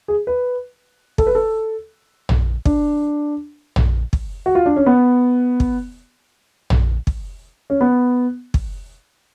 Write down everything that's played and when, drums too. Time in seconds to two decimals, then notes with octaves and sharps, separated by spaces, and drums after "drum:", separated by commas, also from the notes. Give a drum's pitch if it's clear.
0.08 G#4
0.27 B4
1.18 A4, drum: kick
1.27 B4
1.35 A4
2.29 drum: tom A#1
2.65 D4, drum: kick
3.76 drum: tom A#1
4.13 drum: kick
4.46 F#4
4.55 F4
4.66 D4
4.76 C#4
4.86 B3
5.60 drum: kick
6.70 drum: tom A#1
7.07 drum: kick
7.70 C#4
7.81 B3
8.54 drum: kick